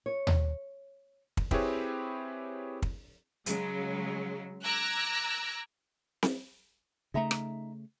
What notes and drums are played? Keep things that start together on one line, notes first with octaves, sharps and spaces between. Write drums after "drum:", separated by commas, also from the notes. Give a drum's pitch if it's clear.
C#5
drum: tom D#2
drum: kick
C4 E4 G4 G#4 B4 C#5, drum: kick
drum: kick
C#3 F#3 G#3, drum: hi-hat
A#5 D6 E6 F#6 G#6 A#6
drum: snare C4
C#3 A3 D#4 E5 A#5
drum: rim click